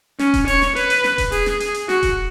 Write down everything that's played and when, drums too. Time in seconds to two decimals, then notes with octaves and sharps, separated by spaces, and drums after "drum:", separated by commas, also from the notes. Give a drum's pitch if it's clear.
0.19 C#4, drum: snare
0.34 drum: kick D#1, hi-hat
0.48 C#5, drum: open hi-hat
0.62 drum: snare
0.76 B4, drum: hi-hat
0.90 drum: hi-hat
1.04 drum: snare
1.18 drum: kick D#1, hi-hat
1.32 G#4, drum: open hi-hat
1.46 drum: snare
1.60 drum: hi-hat
1.74 drum: hi-hat
1.89 F#4, drum: snare
2.03 drum: kick D#1, hi-hat